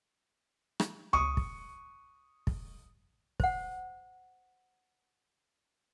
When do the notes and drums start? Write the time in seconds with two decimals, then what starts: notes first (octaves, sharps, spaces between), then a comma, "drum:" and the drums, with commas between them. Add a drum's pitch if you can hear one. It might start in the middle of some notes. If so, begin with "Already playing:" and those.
0.80 drum: rim click
1.13 C#6 D#6, drum: tom C#2
1.37 drum: kick
2.47 drum: kick
3.40 C5 F#5, drum: kick